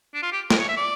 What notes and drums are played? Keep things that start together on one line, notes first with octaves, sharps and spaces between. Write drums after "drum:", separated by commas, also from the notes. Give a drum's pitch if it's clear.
D4
F4
G4
A#4, drum: snare
C#5
E5
D5